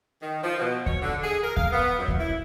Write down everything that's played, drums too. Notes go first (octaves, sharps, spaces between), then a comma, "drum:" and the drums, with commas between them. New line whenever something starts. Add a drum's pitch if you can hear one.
D#3
F3
B2
C#5, drum: kick D#2
D3
G#4
A#4
F5, drum: kick D#2
B3
F#2
drum: kick D#2
E4